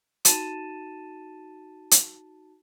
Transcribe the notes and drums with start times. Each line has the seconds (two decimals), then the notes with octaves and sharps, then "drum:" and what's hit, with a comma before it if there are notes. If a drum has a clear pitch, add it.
0.25 D#4 F#4 A5 A6 D#7 E7, drum: hi-hat
1.91 drum: hi-hat